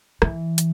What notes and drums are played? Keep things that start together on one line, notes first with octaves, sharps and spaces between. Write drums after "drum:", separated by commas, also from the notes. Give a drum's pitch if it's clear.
E3, drum: rim click
drum: hi-hat